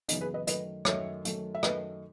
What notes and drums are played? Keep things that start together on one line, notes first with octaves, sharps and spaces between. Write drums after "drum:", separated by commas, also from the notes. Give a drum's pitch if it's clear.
F#2 C#3 E3 B3 D#4, drum: hi-hat
G#4 B4
B4 D#5
F#2 D#3 A3 B4 D#5, drum: hi-hat
F#2 D#3 A3 C#5 E5, drum: rim click
F#2 D#3 A3, drum: hi-hat
E5
F#2 D#3 A3 B4 D#5, drum: rim click